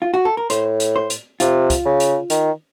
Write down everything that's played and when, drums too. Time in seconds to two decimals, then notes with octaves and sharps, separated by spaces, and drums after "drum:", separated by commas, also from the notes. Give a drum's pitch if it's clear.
0.02 F4
0.14 F#4
0.25 A4
0.37 A#4
0.50 A2 C5, drum: hi-hat
0.80 drum: hi-hat
0.96 C5
1.10 drum: hi-hat
1.40 C3 F4, drum: hi-hat
1.70 drum: kick, hi-hat
1.85 C#3
2.00 drum: hi-hat
2.30 D#3, drum: hi-hat